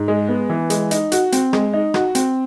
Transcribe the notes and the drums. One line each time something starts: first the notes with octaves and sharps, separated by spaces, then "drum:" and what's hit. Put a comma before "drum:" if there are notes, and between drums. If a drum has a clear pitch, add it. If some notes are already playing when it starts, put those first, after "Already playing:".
Already playing: G#2
G#3
B3
E3
G#3, drum: hi-hat
D#4, drum: hi-hat
F#4, drum: hi-hat
C4, drum: hi-hat
G#3, drum: rim click
D#4
F#4, drum: rim click
C4, drum: hi-hat